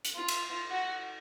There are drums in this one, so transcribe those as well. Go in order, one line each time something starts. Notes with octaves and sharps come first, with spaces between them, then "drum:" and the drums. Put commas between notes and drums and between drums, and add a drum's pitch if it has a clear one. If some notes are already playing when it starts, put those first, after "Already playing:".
drum: hi-hat
F4
drum: cymbal
F#4